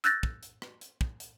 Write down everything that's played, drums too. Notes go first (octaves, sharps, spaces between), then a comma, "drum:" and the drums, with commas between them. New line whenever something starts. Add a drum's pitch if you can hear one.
E6 F#6 G6 A6 A#6, drum: hi-hat
drum: kick
drum: hi-hat
drum: rim click
drum: hi-hat
drum: kick
drum: hi-hat